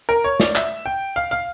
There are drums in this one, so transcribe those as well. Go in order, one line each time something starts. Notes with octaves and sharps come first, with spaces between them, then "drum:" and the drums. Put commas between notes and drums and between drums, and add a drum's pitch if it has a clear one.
A#4
C#5
D5, drum: snare
E5, drum: clap
G5
F5
F5